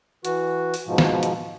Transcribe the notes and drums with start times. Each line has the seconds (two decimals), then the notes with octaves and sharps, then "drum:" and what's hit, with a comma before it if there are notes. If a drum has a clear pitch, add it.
0.25 E3 F#4, drum: hi-hat
0.74 drum: open hi-hat
0.87 G#2 B2 F3
0.98 drum: snare
1.23 drum: hi-hat